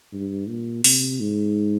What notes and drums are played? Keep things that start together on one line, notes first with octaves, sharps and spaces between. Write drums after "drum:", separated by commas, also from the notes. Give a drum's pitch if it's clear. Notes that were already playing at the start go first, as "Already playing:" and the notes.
G2
A#2
C3, drum: open hi-hat
G#2